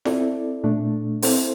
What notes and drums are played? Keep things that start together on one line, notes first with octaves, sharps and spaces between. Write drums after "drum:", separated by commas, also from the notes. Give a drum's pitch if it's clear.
C4 E4 A4 D5, drum: snare F4
A#2 A3 D4
C4 E4 A4 C5, drum: open hi-hat